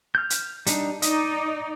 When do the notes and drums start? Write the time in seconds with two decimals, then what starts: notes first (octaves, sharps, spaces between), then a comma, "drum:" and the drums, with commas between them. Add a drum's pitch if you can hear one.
0.15 F6 G6
0.30 drum: hi-hat
0.67 G3 D4 D#4, drum: hi-hat
1.02 D#4 D5 D#5, drum: hi-hat